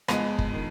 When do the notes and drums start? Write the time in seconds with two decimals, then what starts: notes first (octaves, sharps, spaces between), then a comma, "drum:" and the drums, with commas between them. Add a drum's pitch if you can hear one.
0.08 F2 G#3 B3, drum: rim click
0.38 drum: kick
0.53 D#3